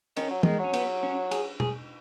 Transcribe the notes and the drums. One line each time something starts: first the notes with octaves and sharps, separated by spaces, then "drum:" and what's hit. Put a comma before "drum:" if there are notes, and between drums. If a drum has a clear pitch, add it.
D#3 C#4, drum: cymbal
F#3
D#3 G#3, drum: tom
F#3 C#4
B3, drum: cymbal
C#4
G#4, drum: cymbal
G#4, drum: tom